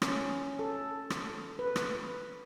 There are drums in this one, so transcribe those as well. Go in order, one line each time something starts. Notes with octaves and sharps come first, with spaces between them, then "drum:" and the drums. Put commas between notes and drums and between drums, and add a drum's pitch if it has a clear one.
C#4, drum: rim click
A4
drum: rim click
B4
drum: rim click